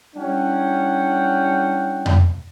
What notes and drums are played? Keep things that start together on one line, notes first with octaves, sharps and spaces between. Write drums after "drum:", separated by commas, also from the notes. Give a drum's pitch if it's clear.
G3 C#4 D4 E4 F#5 G5
drum: tom F2